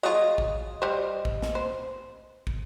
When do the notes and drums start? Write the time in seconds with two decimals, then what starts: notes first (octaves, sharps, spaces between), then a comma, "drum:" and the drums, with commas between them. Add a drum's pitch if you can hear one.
0.03 F#3 F4 G#4 D#5
0.38 drum: kick
0.82 G3 C5
1.25 drum: kick
1.42 drum: snare
1.55 C5
2.47 drum: kick